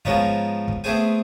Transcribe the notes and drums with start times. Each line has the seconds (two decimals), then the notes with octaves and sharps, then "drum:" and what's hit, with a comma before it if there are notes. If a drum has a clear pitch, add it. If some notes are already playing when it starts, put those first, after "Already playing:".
0.05 G#2 F3 B3 C#4 D#4 F4, drum: kick
0.68 drum: kick
0.84 A3 B3 C4 G#4 C5 G#5